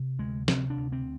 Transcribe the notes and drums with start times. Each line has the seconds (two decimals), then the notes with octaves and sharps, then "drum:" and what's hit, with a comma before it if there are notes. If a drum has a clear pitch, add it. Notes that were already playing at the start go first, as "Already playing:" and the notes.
Already playing: C3
0.19 D2 G#3
0.48 C3 C4, drum: snare
0.70 D4
0.77 D2
0.92 C4